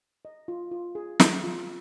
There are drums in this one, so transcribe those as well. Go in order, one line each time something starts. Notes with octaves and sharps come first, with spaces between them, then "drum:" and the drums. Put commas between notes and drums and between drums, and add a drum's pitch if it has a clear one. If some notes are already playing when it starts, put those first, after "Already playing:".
D#5
F4
F4
G#4
G#4, drum: snare
F4